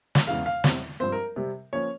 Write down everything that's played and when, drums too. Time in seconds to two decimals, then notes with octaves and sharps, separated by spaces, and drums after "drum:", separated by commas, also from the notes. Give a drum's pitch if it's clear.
0.15 drum: snare
0.27 E2 C#3 E3 G#3 F5
0.46 F5
0.64 E2 C3 G3 C4, drum: snare
1.00 G2 F3 C4 C5
1.12 A#4
1.36 C3 G3 C4
1.73 F3 A#3 C#4 C#5